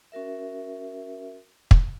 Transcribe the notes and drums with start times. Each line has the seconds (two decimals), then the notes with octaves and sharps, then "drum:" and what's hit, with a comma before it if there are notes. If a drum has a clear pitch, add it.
0.12 C#4 F#4 A#4 E5
1.71 drum: kick